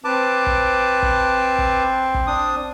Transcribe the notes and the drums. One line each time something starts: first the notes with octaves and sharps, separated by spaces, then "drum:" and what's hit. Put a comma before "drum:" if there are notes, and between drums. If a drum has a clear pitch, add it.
C4 B4 A5 D6
drum: kick
drum: kick
drum: kick
drum: kick
D4 D#6